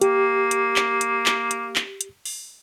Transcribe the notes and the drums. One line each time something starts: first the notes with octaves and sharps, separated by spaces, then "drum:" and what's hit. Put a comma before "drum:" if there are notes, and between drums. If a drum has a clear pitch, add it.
A#3 G4, drum: hi-hat
drum: hi-hat
drum: clap
drum: hi-hat
drum: clap
drum: hi-hat
drum: clap
drum: hi-hat
drum: open hi-hat